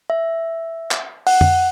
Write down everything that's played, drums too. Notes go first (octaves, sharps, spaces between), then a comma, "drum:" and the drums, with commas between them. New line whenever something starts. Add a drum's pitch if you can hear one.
E5
drum: clap
F#5, drum: open hi-hat
drum: tom F2